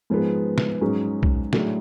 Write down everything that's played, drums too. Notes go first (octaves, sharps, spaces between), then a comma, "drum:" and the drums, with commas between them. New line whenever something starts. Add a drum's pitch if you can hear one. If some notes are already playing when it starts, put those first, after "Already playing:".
G#2 F3 G#3 B3
drum: snare
G#2 F#3 C#4 G#4
drum: kick B1
A2 F#3 A3 D4 G#4, drum: snare